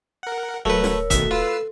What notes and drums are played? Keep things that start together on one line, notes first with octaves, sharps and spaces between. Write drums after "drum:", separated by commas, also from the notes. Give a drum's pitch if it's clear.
A#4 F#5
D1 F#3 A3 A#4 B4 C#5 E6
drum: snare
B2 D#3 A3 F#4 A4 E5, drum: kick, hi-hat
F4 A4 B4 E6 C7